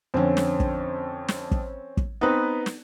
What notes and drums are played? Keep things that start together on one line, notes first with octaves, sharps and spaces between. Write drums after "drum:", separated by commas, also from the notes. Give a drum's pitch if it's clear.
F2 D3 C4 C#4
drum: snare
drum: kick
drum: snare
drum: kick
drum: kick
B3 C4 D#4 B4
drum: snare